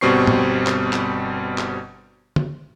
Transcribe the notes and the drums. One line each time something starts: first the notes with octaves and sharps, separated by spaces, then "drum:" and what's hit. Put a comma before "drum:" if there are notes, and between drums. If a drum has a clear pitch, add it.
G1 B2 G3 C4 C#6 C7
drum: tom
drum: clap
drum: clap
drum: clap
drum: tom